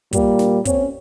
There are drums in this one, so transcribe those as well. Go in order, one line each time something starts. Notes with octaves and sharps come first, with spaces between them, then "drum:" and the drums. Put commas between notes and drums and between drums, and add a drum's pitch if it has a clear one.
A#2 G3 A#3, drum: kick, hi-hat
drum: snare
C4 C#4, drum: kick, hi-hat